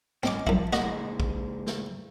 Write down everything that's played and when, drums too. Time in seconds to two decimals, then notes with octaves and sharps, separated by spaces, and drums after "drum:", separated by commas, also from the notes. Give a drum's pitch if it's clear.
0.23 C4 C#4 D#5 D6, drum: snare
0.47 F#2 F3 E4, drum: kick
0.73 C#3 G#3 A#3 F#4 D#5, drum: snare
1.20 drum: kick
1.67 drum: snare